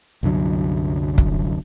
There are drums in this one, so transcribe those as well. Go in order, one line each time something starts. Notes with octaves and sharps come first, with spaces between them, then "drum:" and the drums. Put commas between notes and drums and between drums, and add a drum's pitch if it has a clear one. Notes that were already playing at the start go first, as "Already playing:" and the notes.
C2 F#2 D3 F#3
drum: kick